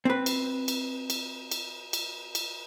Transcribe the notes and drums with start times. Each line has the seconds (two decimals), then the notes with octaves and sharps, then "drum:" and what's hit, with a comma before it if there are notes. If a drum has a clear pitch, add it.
0.05 C4 B4
0.26 drum: cymbal
0.68 drum: cymbal
1.10 drum: cymbal
1.51 drum: cymbal
1.93 drum: cymbal
2.35 drum: cymbal